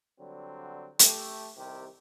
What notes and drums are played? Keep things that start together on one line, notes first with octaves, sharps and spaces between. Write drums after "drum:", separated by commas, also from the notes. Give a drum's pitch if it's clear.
D3 F#3 G3 C4
A3 G4, drum: hi-hat
C2 C3 D#3 G4